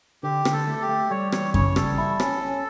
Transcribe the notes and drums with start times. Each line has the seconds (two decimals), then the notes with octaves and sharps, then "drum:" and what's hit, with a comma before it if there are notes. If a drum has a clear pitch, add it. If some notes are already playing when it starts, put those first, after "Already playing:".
0.23 D3 G4
0.45 D3, drum: rim click
0.52 A4
0.67 A3
0.82 G4
0.89 A3
1.10 G3 C#5
1.32 E3 C#5, drum: rim click
1.54 C#3 C#5, drum: kick F#2
1.76 G3 A4, drum: rim click
1.98 E4
2.20 C#4, drum: rim click
2.42 C#4